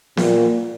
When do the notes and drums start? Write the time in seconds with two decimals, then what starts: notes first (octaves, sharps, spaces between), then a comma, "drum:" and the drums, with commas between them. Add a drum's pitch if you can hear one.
0.17 A#2, drum: snare